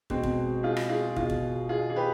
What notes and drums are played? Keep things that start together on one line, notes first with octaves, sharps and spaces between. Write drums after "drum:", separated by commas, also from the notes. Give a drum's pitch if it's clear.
B2 G#3 C4, drum: kick
drum: kick
F4 G#4
drum: rim click
F4 G#4
B2 F4 G#4, drum: kick
drum: kick
F4 G#4
G#4
G4 B4